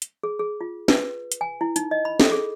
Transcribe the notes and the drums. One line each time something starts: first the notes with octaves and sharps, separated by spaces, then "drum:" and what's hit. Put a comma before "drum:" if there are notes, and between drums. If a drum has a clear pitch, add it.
drum: hi-hat
G#4
G#4
F4
B4, drum: snare
drum: hi-hat
G#5
E4
D#4, drum: hi-hat
D#5
B5
A4, drum: snare
G#4